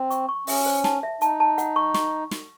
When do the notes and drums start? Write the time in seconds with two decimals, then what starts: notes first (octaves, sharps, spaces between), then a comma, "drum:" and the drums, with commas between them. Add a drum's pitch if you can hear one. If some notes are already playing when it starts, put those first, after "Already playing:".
Already playing: C4
0.10 C#6, drum: hi-hat
0.29 C#6
0.47 C#4 E5, drum: open hi-hat
0.66 C5
0.84 A5, drum: snare
1.03 E5
1.21 D#4 A5, drum: hi-hat
1.40 A5
1.58 F#5, drum: hi-hat
1.76 C#6
1.94 C#6, drum: snare
2.31 drum: snare